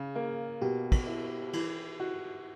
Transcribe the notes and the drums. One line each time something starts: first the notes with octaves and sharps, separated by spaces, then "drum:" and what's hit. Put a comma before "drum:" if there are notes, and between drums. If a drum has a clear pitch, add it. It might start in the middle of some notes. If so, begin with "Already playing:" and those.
Already playing: C#3 G#4
A#3
B2 G4
drum: kick, cymbal
E4
E3, drum: cymbal
F#4